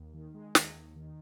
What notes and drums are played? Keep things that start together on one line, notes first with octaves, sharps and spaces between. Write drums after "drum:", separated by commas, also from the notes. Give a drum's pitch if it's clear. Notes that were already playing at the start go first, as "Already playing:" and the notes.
Already playing: D#2
D#3
G#3
D#2, drum: snare
D#2
D#3